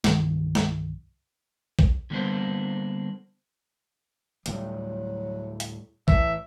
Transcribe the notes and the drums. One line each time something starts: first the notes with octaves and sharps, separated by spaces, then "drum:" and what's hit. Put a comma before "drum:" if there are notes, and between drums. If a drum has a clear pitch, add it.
C2 G2 D#3 F3, drum: snare
drum: snare
drum: kick
D3 G3 A#3 B3 D4 C5
D2 A2 F#3 G3, drum: hi-hat
drum: hi-hat
A2 E3 E5, drum: kick